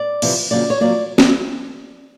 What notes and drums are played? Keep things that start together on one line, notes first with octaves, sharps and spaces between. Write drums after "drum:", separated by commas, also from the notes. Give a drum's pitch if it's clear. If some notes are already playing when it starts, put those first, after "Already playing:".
Already playing: D5
F2 C3 E3, drum: cymbal
F2 C#3 F#3 A#3 D5
C#5
F2 C#3 F#3 A#3 D5
drum: snare B3